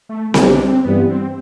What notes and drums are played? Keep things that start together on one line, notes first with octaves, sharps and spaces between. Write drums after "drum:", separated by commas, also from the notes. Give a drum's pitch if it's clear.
A3
B1 B2 G3 C4, drum: snare C4
C4
D4
C4
G2 E3 G3 B3
C4